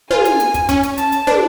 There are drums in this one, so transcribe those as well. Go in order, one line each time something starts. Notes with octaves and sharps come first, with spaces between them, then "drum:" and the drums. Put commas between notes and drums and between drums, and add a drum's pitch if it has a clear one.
F4 G#5, drum: tom
drum: hi-hat
drum: hi-hat
drum: kick, hi-hat
C#4, drum: kick, hi-hat
drum: hi-hat
A5, drum: hi-hat
drum: hi-hat
D4, drum: tom